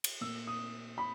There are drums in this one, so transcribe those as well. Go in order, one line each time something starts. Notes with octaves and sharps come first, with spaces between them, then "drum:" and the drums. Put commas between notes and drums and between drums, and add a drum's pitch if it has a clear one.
drum: cymbal
A#2 E6
D#6
B5